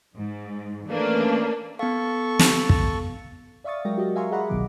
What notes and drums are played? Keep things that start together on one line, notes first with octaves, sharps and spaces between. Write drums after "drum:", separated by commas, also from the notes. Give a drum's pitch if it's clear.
G#2
E3 A3 A#3 C#4 D4 B4
B3 A4 F5 C#6
drum: snare
drum: kick
D5 E5 F5 C#6 D#6 A6
F#3 G#3 A#4 G5 A#6
F#4 G4 D#5
E5 F5 G#5 A#5 C6 C#6
G#4 D5 D#5 F#5 A#5 B5
G1 C2 B2 D#3 F#3 D6